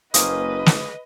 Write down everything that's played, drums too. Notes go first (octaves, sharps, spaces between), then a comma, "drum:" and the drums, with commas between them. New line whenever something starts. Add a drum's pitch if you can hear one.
F#1 A#3 C#4 B4 C5 D#5 D#6, drum: hi-hat
drum: snare